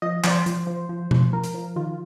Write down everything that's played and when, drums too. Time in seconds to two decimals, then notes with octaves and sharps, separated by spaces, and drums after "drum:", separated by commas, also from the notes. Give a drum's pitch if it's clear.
0.02 F3 D#5
0.24 F3 D5, drum: clap
0.31 C5
0.46 F3, drum: hi-hat
0.67 F3
0.89 F3
1.11 F3, drum: tom
1.33 F3 A#4
1.44 drum: hi-hat
1.54 F3
1.76 D#3 F4